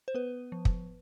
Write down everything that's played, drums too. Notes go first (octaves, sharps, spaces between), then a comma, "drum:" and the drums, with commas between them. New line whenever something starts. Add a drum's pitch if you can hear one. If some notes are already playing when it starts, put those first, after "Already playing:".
C5
B3 B4
F3
drum: kick